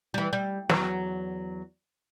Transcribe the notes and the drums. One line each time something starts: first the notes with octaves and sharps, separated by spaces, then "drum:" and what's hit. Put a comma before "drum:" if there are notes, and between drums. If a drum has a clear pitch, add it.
E3 G3
G3
E2 F#3, drum: snare